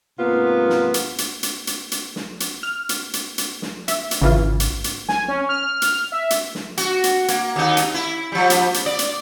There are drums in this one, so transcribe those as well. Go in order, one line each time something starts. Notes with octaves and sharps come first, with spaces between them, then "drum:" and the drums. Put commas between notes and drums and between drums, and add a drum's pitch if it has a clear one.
G#2 C3 A#3 B3 F4
drum: snare
drum: hi-hat
drum: hi-hat
drum: hi-hat
drum: hi-hat
drum: hi-hat
drum: snare
drum: hi-hat
F6
drum: hi-hat
drum: hi-hat
drum: hi-hat
drum: snare
E5, drum: hi-hat
drum: hi-hat
G#1 C#3 E3 F4
drum: hi-hat
drum: hi-hat
G#5, drum: snare
C#4
F6
drum: hi-hat
E5
drum: hi-hat
drum: snare
F#4, drum: hi-hat
drum: hi-hat
A#3, drum: hi-hat
D#2 D#4
drum: hi-hat
E4
F3 G3
drum: hi-hat
drum: hi-hat
D5
drum: hi-hat